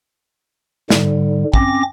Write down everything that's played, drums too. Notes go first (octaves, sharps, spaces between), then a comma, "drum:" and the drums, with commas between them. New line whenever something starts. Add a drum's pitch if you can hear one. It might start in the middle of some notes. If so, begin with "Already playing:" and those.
G#2 D3 G3, drum: snare
C4 C#4 D6 A#6, drum: kick